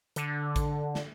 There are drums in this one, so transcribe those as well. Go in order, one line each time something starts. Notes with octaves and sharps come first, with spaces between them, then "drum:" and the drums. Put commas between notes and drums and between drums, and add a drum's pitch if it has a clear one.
D3, drum: hi-hat
drum: kick A1, hi-hat
drum: snare